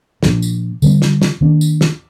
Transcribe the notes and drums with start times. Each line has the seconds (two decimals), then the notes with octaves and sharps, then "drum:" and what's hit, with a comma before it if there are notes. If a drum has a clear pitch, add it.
0.23 A#2 F3 A#3 D4, drum: snare
0.42 drum: tambourine
0.82 D3 G3 C4, drum: tambourine
1.02 drum: snare
1.22 drum: snare
1.41 D#3 A#3 D4
1.61 drum: tambourine
1.81 drum: snare